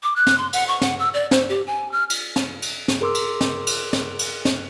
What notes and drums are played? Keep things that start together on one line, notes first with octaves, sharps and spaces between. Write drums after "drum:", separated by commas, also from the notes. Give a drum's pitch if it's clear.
D6
F#6
drum: snare
C6
F#5, drum: cymbal
C#6
F#5, drum: snare
E6
D5
C5, drum: snare
G4
G#5
F6
drum: cymbal
drum: snare
drum: cymbal
drum: snare
G#4 A#4 C6 D6 E6
drum: cymbal
drum: snare
drum: cymbal
drum: snare
drum: cymbal
drum: snare